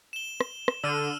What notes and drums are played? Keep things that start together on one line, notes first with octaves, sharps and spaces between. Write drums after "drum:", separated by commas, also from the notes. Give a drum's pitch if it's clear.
E7 G7
drum: rim click
drum: rim click
D3 E6 F6 D#7
E7